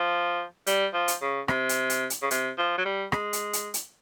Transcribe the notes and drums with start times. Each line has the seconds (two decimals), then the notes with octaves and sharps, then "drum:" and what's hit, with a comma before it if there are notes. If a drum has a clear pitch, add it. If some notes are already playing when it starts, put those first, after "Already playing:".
Already playing: F3
0.67 G3, drum: hi-hat
0.94 F3
1.08 drum: hi-hat
1.21 C#3
1.48 C3, drum: rim click
1.69 drum: hi-hat
1.90 drum: hi-hat
2.10 drum: hi-hat
2.22 C#3
2.31 C3, drum: hi-hat
2.58 F3
2.78 F#3
2.85 G3
3.12 G#3, drum: rim click
3.33 drum: hi-hat
3.53 drum: hi-hat
3.74 drum: hi-hat